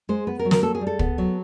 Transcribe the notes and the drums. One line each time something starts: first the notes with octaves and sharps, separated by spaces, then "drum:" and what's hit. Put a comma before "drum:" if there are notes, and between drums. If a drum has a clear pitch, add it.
G#3 C5
B3 B4
A#4
F#3
A#4, drum: snare
A#3 A4
G#4
G3
A4
B3, drum: kick
F#3